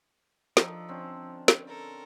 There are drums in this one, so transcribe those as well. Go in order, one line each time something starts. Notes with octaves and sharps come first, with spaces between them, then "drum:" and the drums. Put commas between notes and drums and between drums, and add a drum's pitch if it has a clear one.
F3 D4 D#4 A4, drum: snare
D3 C4 C#4
drum: snare
A4 A#4